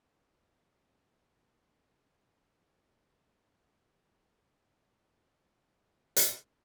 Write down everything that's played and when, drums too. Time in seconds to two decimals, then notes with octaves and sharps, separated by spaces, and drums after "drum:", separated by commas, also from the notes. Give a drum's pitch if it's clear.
0.10 G4
0.33 G#4
1.40 A#4
1.49 B4
1.57 A#4
1.69 A#4
1.97 A#4
2.26 G#4
2.69 G#4
4.84 G4
5.05 E4
5.27 E4
5.48 E4
5.70 A#4
6.16 drum: hi-hat